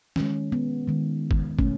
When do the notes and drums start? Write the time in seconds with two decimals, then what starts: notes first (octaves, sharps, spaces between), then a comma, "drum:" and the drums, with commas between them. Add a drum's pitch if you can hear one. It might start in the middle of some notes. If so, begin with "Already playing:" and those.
0.16 D#3 G#3 C#4, drum: snare
0.52 B3
0.88 D#3 G#3
1.31 drum: kick
1.59 B2 A3 C#4, drum: kick